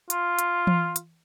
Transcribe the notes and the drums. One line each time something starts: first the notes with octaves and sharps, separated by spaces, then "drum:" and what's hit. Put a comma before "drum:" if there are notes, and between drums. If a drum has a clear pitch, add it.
F4, drum: hi-hat
drum: hi-hat
drum: tom E3
drum: hi-hat